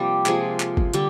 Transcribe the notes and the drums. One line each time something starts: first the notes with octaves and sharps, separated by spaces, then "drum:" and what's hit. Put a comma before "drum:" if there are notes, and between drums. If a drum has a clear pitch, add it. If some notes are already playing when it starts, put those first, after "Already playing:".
Already playing: C3 F3 G3 A#3 C4 G4
C3 F3 G#3 A#3 G#4, drum: clap
drum: clap
drum: kick G1
D3 G3 G4, drum: hi-hat